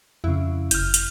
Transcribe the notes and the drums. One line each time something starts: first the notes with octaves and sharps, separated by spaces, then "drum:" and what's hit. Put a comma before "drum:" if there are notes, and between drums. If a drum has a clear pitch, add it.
F2 C#3 E4
F#1 F6 G6, drum: hi-hat
drum: hi-hat